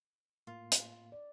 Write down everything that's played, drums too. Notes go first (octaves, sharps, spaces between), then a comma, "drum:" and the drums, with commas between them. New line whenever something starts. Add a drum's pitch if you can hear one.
A2 A#3 F4 F5
drum: hi-hat
D5